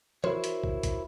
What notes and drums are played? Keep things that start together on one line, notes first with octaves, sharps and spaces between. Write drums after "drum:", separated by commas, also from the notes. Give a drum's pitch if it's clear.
E4 F#4 A#4 C5 C#5, drum: tom
drum: hi-hat
drum: kick
drum: kick, hi-hat